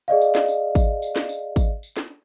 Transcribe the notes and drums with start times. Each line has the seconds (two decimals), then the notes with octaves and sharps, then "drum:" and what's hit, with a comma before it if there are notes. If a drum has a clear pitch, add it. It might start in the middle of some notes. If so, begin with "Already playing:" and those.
0.08 G#4 D5 D#5 F5
0.21 drum: tambourine
0.35 drum: snare
0.48 drum: tambourine
0.75 drum: kick G#1, tambourine
1.02 drum: tambourine
1.16 drum: snare
1.29 drum: tambourine
1.56 drum: kick G#1, tambourine
1.83 drum: tambourine
1.97 drum: snare